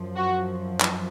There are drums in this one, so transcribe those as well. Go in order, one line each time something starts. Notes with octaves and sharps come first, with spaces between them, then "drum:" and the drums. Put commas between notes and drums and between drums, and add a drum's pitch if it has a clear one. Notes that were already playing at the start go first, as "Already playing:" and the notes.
Already playing: F#2 F3
F#4
drum: clap